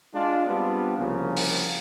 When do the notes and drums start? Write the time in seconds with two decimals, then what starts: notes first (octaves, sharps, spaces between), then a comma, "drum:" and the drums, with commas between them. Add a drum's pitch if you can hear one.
0.14 G#3 D4 F4
0.45 G3 B3 C4 D4 F4
0.98 C2 C#3 F3 A#3 C#4
1.36 drum: open hi-hat